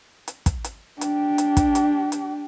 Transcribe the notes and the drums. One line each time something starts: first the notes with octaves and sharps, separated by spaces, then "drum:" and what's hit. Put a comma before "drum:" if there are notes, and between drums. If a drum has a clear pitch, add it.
drum: hi-hat
drum: kick, hi-hat
drum: hi-hat
D4 G4, drum: hi-hat
drum: hi-hat
drum: kick, hi-hat
drum: hi-hat
drum: hi-hat